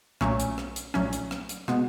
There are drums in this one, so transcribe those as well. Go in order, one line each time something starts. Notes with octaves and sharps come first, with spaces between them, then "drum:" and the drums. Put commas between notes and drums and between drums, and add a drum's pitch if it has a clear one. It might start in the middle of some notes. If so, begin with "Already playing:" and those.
B1 A#2 F#3 A3 C#4, drum: rim click
drum: hi-hat
drum: rim click
drum: hi-hat
B1 A#2 F#3 A3 C#4, drum: rim click
drum: hi-hat
drum: rim click
drum: hi-hat
B2 G#3 B3, drum: rim click